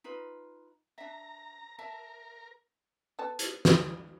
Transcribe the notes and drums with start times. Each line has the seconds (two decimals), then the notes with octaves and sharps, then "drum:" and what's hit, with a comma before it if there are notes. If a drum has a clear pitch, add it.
0.04 D#4 F4 B4
0.98 D4 E5 A#5
1.79 A#4 E5 A5
3.19 B3 A4 A5
3.39 drum: hi-hat
3.65 drum: snare